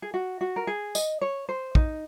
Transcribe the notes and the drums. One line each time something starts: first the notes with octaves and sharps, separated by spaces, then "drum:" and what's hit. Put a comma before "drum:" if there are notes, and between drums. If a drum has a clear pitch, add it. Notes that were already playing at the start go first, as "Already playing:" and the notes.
G#4
F#4
F#4
A#4
G#4
D#5, drum: tambourine
C#5
C5
D#4, drum: kick